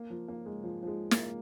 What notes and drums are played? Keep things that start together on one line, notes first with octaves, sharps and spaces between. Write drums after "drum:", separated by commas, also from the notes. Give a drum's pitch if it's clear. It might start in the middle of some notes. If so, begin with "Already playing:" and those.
Already playing: A#3
F3
A#3
G#3
F3
F3
G#3
A#3, drum: snare